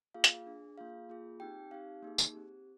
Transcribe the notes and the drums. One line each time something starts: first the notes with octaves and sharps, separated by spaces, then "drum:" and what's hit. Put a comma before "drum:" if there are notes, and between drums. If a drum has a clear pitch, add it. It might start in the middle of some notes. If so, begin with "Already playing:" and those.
A#3 F4 G#4 F5
drum: hi-hat
D4 G#4
A#3 F4 G#4 F5
A#3 F4 G#4
C4 D#4 G4 G5
C4 D#4 G4 F5
A#3 D#4 G#4
drum: tambourine
C4 G4